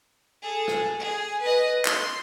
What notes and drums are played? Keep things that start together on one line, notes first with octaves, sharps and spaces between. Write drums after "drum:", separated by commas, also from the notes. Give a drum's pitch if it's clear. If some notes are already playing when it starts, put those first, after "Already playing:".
G#4 A4
drum: rim click
G#4
B4 D#5
C6, drum: clap